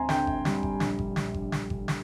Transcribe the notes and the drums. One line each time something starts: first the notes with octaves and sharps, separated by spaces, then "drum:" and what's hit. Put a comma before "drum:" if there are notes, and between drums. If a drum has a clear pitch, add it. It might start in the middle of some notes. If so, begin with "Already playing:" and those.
Already playing: D2 C4 G#5 A#5 C6
D3 G5, drum: snare
drum: kick G1
G3, drum: snare
drum: kick G1
A#1, drum: snare
drum: kick G1
A#1, drum: snare
drum: kick G1
drum: snare
drum: kick G1
drum: snare